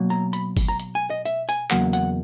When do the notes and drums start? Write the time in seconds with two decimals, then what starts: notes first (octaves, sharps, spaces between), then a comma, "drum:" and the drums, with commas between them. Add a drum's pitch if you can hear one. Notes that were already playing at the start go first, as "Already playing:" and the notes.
Already playing: B2 F#3 A#3
0.10 A#5
0.33 B5, drum: hi-hat
0.57 drum: kick G1, open hi-hat
0.68 A#5
0.79 drum: hi-hat
0.95 G#5
1.10 D#5
1.25 E5, drum: hi-hat
1.49 G#5, drum: hi-hat
1.71 E2 C#3 F#3 A#3 F#5, drum: clap
1.93 F#5, drum: hi-hat